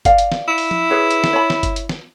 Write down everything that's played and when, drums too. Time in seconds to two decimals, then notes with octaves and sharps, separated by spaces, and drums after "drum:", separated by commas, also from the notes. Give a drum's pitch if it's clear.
0.05 D5 F5, drum: kick G1, hi-hat
0.18 drum: hi-hat
0.32 drum: snare
0.48 E4
0.58 drum: open hi-hat
0.71 drum: tom F3
0.90 G#4 B4 C#5
1.11 drum: hi-hat
1.24 drum: snare
1.33 C#5 B5
1.50 drum: snare
1.63 drum: kick G1, hi-hat
1.76 drum: hi-hat
1.89 drum: snare